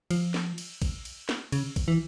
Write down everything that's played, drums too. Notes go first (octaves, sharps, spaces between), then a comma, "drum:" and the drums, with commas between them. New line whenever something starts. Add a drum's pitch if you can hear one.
F3, drum: cymbal
drum: snare
drum: cymbal
drum: kick A#1, cymbal
drum: cymbal
drum: snare
C#3, drum: cymbal
drum: kick A#1, cymbal
E3